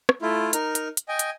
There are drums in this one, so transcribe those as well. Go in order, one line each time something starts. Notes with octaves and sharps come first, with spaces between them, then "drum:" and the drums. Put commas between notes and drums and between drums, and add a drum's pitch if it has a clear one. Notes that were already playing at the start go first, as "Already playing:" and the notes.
drum: rim click
A3 E4 F4
D#4 A#4 F6, drum: hi-hat
drum: hi-hat
drum: hi-hat
D#5 G5 G#5
drum: hi-hat